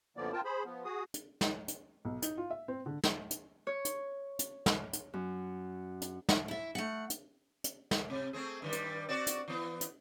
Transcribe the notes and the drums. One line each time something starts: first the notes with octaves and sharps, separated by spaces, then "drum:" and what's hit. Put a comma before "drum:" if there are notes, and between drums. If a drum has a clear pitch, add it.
F#2 D3 F3 A#3 B3 D5
C4 F4 A#4 G5 A5
G#4 C5 B5
F3 B3
F#4 G#4 D#6
drum: hi-hat
drum: snare
drum: hi-hat
B1
D#4, drum: hi-hat
F4
E5
C4
D3
drum: snare
drum: hi-hat
C#5
drum: hi-hat
drum: hi-hat
drum: snare
drum: hi-hat
F#2
drum: hi-hat
drum: snare
E4 E5
A3 F#5
drum: hi-hat
drum: hi-hat
drum: snare
C3
A3 C4 G#4
G2 D#3 G3
drum: hi-hat
C4 F#4 D5
drum: hi-hat
E3 B3
drum: hi-hat